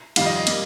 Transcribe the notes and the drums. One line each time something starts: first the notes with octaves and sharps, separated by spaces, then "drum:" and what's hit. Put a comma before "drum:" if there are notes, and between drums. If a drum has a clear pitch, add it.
F2 D#3 G3 F5, drum: cymbal
D#5
D#5
G3 A#3, drum: cymbal